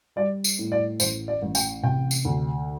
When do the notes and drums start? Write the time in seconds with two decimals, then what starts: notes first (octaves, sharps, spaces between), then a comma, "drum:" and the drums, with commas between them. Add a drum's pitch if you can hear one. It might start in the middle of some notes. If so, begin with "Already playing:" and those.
0.16 G3 D5
0.44 drum: tambourine
0.59 A2
0.72 D5
1.00 A1 C5, drum: tambourine
1.28 D5
1.42 A1
1.55 G5, drum: tambourine
1.83 C3 G5
2.11 drum: tambourine
2.25 D2